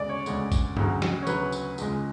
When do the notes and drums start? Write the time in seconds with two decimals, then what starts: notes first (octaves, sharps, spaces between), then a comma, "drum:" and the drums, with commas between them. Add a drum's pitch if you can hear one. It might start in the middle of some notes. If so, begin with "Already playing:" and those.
Already playing: D2 C#3 G#3 D5
0.09 C#5
0.26 D2 C#3 G#3, drum: tambourine
0.52 drum: kick A1, tambourine
0.77 D2 C#3 F#3, drum: tom G2
1.02 drum: snare
1.22 C#5
1.27 D2 C#3 F#3 B4, drum: tambourine
1.52 drum: tambourine
1.78 C#2 C#3 G#3, drum: tambourine